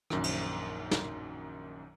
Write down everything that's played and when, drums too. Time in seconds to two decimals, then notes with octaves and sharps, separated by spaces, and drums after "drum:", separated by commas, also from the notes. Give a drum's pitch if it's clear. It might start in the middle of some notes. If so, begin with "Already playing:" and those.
0.10 A#1 F#2 D#3, drum: rim click
0.24 drum: cymbal
0.91 drum: snare